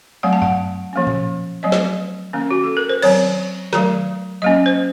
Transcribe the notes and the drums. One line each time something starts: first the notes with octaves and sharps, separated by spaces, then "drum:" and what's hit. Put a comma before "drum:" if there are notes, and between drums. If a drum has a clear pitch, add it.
F#3 A3 C4 F#5
A5
F#5, drum: tom F#2
F3 A#3 C#4
drum: tom A2
F#3 A3 C4 D#5
drum: snare
D#3 A#3 C#4
F#4
A4
A#4
C5
D#3 F#3 C4 C#5, drum: cymbal
D#3 F#3 A3, drum: snare
F#3 A#3 C#4 D#5
C5